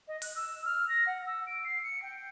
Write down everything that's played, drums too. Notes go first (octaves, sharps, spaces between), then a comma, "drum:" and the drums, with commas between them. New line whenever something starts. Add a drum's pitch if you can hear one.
D#5
F#6, drum: open hi-hat
E6
F6
A#6
F#5
E6
D7
C7
C#7
G5